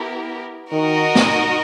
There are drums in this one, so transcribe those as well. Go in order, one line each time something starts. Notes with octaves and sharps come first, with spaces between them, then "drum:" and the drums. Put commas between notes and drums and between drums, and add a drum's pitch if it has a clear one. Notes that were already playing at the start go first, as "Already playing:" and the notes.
Already playing: B3 E4 G4 A#4
D#3 D#4 F#4 A#4 D#5
drum: snare